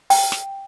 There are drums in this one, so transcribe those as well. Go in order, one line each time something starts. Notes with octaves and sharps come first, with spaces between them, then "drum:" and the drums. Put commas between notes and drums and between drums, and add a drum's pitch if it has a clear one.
G5, drum: open hi-hat
drum: snare